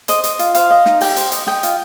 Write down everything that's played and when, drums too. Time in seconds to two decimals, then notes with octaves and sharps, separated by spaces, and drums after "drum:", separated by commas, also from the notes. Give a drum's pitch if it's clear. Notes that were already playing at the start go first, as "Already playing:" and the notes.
0.08 C5 D#5, drum: hi-hat
0.24 D#5, drum: hi-hat
0.39 F4, drum: hi-hat
0.55 C5 F5, drum: hi-hat
0.71 D#5
0.86 D#4, drum: snare
1.01 G4 G5, drum: open hi-hat
1.16 C5, drum: hi-hat
1.32 D#5, drum: hi-hat
1.47 D#5 G5, drum: snare
1.63 F4, drum: hi-hat